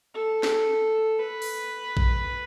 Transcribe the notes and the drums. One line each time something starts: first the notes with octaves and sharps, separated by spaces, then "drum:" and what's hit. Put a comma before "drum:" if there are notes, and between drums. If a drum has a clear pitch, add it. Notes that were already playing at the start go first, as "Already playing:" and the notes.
A4
drum: snare
B4
drum: open hi-hat
drum: kick A1